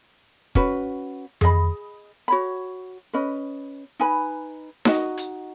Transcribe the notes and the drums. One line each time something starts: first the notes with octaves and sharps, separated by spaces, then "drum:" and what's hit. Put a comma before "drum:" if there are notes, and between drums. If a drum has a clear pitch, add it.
C#4 F#4 B4, drum: kick
G#4 D#5 B5, drum: tom F2
F#4 C#5 B5
C#4 B4 D#5
D#4 B4 G#5 B5
D#4 F#4 D#5, drum: snare D#4
drum: hi-hat